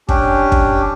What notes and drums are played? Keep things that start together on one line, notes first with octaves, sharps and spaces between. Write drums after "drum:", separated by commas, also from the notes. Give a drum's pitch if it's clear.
C#4 D4 G4, drum: kick
drum: kick